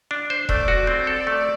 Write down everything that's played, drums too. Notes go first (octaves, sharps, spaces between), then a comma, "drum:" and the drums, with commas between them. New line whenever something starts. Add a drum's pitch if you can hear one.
D4
C5
A3 D5, drum: kick E1
F#4
C4
A4
A3